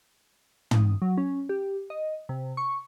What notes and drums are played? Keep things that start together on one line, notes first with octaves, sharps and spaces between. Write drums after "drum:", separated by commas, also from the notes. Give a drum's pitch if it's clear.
D#6, drum: tom
F#3
C#4
G4
D#5
C3
C#6